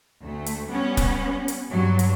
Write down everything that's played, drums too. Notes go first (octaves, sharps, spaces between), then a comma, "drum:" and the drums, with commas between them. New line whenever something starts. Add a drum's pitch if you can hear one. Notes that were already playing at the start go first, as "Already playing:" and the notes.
D2 A3
drum: hi-hat
G3 B3 C#4
drum: kick, hi-hat
drum: hi-hat
G2 F#3
drum: hi-hat